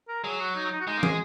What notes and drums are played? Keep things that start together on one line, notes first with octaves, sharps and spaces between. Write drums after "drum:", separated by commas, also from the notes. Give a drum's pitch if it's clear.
A#4
F#3 G#4
F#4
D#4
D#4
F#4
G#3 D#4
A#3
G#4, drum: tom
G#3